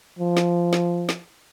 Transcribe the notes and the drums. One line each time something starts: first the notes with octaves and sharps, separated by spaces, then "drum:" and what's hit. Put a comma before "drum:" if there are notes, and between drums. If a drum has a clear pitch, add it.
F3
drum: snare
drum: snare
drum: snare